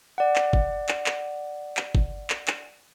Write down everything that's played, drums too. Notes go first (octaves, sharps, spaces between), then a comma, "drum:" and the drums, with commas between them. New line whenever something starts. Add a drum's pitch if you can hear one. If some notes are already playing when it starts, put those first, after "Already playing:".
D5 F#5
drum: clap
drum: kick G1
drum: clap
drum: clap
drum: clap
drum: kick G1
drum: clap
drum: clap